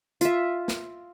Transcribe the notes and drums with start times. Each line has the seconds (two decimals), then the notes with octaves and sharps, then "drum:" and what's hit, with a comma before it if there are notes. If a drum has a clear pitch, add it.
0.21 F4 E5, drum: hi-hat
0.68 drum: snare